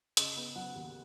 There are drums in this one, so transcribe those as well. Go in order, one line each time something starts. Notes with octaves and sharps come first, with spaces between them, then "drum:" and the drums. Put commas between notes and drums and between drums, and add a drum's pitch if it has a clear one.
C#3 D#5, drum: hi-hat
B3
F#3 F#5
D#2